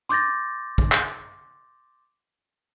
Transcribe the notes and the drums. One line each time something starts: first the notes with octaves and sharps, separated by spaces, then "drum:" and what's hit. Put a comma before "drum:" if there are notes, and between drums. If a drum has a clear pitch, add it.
C6 D6 G6 A6 A#6, drum: hi-hat
drum: kick
drum: clap